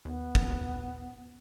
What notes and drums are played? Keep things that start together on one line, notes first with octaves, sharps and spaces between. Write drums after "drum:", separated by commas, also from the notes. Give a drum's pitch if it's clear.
D#2 B3
drum: kick
D#2